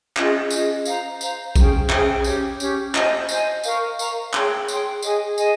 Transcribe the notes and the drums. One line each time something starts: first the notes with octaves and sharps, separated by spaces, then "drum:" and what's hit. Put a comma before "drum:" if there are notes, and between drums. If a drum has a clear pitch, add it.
C#4 F4 G#4 D#5, drum: clap
C#4 F4 G#4 D#5, drum: tambourine
C5 F5 A#5, drum: tambourine
C5 F5 A#5, drum: tambourine
C#4 G#4 C5 G5, drum: kick A#1, tambourine
C#4 G#4 C5 G5, drum: clap
C#4 G4 C#5, drum: tambourine
C#4 G4 C#5, drum: tambourine
C5 D#5 G#5, drum: clap
C5 D#5 G#5, drum: tambourine
A#4 F5 A#5 C#6, drum: tambourine
A#4 F5 A#5 C#6, drum: tambourine
G#4 C#5 G5 C6, drum: clap
G#4 C#5 G5 C6, drum: tambourine
G#4 D#5 G#5, drum: tambourine
G#4 D#5 G#5, drum: tambourine